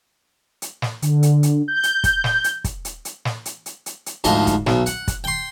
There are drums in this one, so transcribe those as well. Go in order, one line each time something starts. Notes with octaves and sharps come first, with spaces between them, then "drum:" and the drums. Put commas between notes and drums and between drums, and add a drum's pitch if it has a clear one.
drum: hi-hat
drum: snare
D3, drum: hi-hat
drum: hi-hat
drum: hi-hat
G6
drum: hi-hat
drum: kick, hi-hat
drum: snare
drum: hi-hat
drum: kick, hi-hat
drum: hi-hat
drum: hi-hat
drum: snare
drum: hi-hat
drum: hi-hat
drum: hi-hat
drum: hi-hat
D2 G#2 F3 D#5, drum: hi-hat
drum: kick, hi-hat
B1, drum: snare
F#5, drum: hi-hat
drum: kick, hi-hat
G5 C6